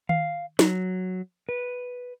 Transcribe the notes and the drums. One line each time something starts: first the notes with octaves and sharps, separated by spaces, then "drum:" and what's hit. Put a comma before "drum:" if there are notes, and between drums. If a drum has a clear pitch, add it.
F5, drum: tom D#3
F#3, drum: snare
B4